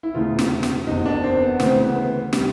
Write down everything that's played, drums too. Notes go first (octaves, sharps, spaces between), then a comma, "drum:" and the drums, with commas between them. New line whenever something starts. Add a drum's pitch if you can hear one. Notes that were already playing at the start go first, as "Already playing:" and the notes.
E4
E1 D2 C#3 E3 F4
drum: snare
drum: snare
F#1 E2 C3 D#4
D4
C4
B3
D2 C#3 E3 C4, drum: snare
B3
B3
C#3 G3, drum: snare